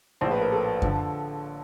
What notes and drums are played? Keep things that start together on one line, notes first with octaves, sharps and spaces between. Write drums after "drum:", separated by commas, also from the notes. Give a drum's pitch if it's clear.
A#1 A2 F3 C5
B4
A#4
A4
D3 F3, drum: kick F#2